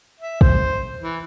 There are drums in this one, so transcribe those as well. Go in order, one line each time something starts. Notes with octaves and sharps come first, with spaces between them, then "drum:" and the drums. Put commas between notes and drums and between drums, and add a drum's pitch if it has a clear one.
E5
C5, drum: kick
E3